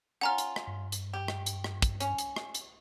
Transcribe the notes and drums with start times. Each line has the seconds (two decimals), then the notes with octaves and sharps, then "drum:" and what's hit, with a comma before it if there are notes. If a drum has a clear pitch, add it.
0.21 C#4 F4 F#5 A#5 F6
0.38 drum: hi-hat
0.56 drum: rim click
0.67 G2
0.92 drum: hi-hat
1.13 G4
1.28 drum: rim click
1.46 drum: hi-hat
1.64 drum: rim click
1.82 drum: kick, hi-hat
2.00 C#4, drum: hi-hat
2.18 drum: hi-hat
2.36 drum: rim click
2.54 drum: hi-hat